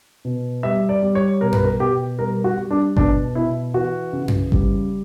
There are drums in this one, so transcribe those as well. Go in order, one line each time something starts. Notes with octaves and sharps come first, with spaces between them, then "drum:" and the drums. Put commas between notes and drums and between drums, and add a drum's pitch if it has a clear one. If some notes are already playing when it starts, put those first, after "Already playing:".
B2
G3 E5
D5
G3
C#5
B2 A#4
B4, drum: tom F#2
A#4
B2 G4
G3 A#4
F#4
G3
D4
B2 D4, drum: kick G1
B2 E4
E3 F#4
C#3
drum: tom F#2
G3, drum: kick G1